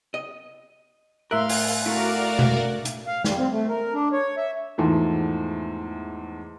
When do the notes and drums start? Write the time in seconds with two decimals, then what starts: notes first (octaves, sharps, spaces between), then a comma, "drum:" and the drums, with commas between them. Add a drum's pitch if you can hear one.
0.14 D#5
1.31 A2 A#4 E5 F5 C6 F#6
1.49 drum: open hi-hat
1.86 A3 E4 F#4 A#4 D5 F5
2.39 drum: tom B2
2.85 drum: hi-hat
3.07 F5
3.24 G3, drum: snare
3.38 C4
3.51 A3
3.69 A#4
3.94 D4
4.13 C#5
4.37 E5
4.78 E2 G#2 E3 F3 A3